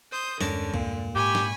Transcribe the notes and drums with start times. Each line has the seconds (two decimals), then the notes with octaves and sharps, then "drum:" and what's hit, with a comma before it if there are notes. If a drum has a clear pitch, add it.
0.11 C5 D#6 G6
0.41 E2 G2 D3 G#3 C#4 A#4 A5, drum: snare
0.74 A#2, drum: kick C2
1.15 G#2 G4 G#5 B5 C#6
1.35 drum: snare